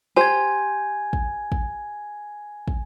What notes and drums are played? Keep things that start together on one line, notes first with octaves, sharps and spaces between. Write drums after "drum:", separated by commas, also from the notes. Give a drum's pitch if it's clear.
G4 C5 G#5 G#6
drum: kick
drum: kick
drum: kick